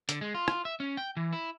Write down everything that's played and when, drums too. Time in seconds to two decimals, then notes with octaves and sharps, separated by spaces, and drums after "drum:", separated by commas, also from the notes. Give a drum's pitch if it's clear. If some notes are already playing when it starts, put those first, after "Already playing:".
0.09 D3, drum: hi-hat
0.21 G#3
0.34 F4
0.48 drum: rim click
0.65 E5
0.80 C#4
0.97 G5
1.17 E3
1.33 E4